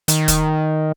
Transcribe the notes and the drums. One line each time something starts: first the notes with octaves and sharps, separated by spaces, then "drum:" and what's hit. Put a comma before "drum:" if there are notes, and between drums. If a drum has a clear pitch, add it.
D#3, drum: hi-hat
drum: kick, hi-hat